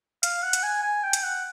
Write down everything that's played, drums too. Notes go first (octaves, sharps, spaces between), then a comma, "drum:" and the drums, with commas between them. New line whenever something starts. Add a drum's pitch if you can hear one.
F5, drum: hi-hat
F#5
drum: hi-hat
G#5
G#5
G5
drum: hi-hat
F#5